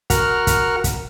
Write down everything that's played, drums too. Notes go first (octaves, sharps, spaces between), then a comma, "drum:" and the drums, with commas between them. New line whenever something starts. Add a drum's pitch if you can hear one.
F#4 A#4 F#5 F6, drum: kick, hi-hat
drum: kick, hi-hat
drum: kick, hi-hat